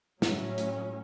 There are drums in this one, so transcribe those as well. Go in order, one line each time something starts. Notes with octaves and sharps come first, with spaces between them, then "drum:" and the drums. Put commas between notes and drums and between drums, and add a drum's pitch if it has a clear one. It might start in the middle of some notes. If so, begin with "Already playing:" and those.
A2 F#3 C#4, drum: snare
drum: hi-hat